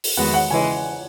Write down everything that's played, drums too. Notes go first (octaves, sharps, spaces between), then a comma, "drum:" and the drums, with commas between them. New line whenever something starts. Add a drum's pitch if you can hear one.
drum: open hi-hat
E2 D#3 G#3 B3 F#4 F#5
F#5
C#3 E3 G#3 G#5